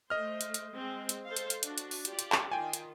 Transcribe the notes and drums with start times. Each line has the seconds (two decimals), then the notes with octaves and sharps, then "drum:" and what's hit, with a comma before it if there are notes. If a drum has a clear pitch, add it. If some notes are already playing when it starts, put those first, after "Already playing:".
0.10 A3 C5 D#5 F6
0.41 drum: hi-hat
0.54 drum: hi-hat
0.73 G#3 C4
1.09 drum: hi-hat
1.27 A4 C5 F5
1.37 drum: hi-hat
1.50 drum: hi-hat
1.63 D4 F#4, drum: hi-hat
1.78 drum: hi-hat
1.91 drum: open hi-hat
2.05 F4 G4 D5, drum: hi-hat
2.19 drum: hi-hat
2.32 drum: clap
2.52 D#3 F4 G5 G#5
2.73 drum: hi-hat